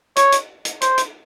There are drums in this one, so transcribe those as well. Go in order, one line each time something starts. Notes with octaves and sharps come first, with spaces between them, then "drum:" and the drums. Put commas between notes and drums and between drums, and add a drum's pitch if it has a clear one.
C#5, drum: hi-hat
drum: hi-hat
drum: hi-hat
C5, drum: hi-hat
drum: hi-hat